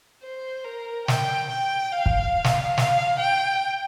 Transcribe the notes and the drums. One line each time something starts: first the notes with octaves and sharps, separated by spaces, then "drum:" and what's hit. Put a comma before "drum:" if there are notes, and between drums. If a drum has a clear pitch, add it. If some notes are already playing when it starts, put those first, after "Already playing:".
C5
A#4
G5, drum: snare
G5
F5
drum: kick
drum: snare
F5, drum: snare
G5